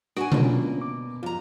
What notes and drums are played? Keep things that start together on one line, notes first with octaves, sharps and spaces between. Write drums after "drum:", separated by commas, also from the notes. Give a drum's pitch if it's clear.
D4 F#4 G#5, drum: rim click
B2 A#3 C#4 D4 F4, drum: tom B2
D6
F2 F4 A#5